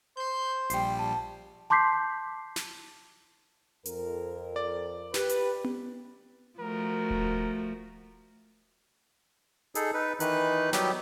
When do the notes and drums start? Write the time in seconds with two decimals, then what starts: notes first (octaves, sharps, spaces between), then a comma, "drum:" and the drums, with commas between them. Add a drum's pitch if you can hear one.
0.17 C5 C6 G6
0.70 A#1 G3 G5 C7, drum: hi-hat
0.99 A5
1.70 A5 C6 D6 G6 B6 C7
2.56 drum: snare
3.86 F2 A#4, drum: hi-hat
4.56 D5
5.14 G4 B4, drum: snare
5.29 drum: hi-hat
5.64 drum: tom B3
6.59 F3 A3 F#4 A#4
7.10 drum: kick D#1
9.75 D#4 G#4 A4, drum: hi-hat
9.94 D#4 B4
10.20 D#3 E3 D#4 B4 F#6, drum: hi-hat
10.73 F#3 G3 B3 G4, drum: snare